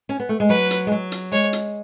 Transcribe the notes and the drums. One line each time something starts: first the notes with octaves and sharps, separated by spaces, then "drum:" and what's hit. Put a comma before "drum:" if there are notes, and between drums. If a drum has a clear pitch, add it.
C#4
B3
A3
G#3
F#3 B4
drum: hi-hat
G#3
F#3
drum: hi-hat
G#3 C#5
drum: hi-hat